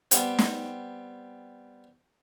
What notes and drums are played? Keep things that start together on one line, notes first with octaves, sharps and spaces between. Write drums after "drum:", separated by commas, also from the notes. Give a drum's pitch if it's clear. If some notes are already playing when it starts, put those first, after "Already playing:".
G3 B3 C4, drum: hi-hat
drum: snare